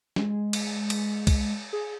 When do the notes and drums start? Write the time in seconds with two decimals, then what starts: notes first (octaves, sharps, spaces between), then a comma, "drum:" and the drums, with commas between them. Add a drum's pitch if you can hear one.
0.16 G#3, drum: snare
0.53 drum: cymbal
0.90 drum: cymbal
1.27 drum: kick, cymbal
1.73 G#4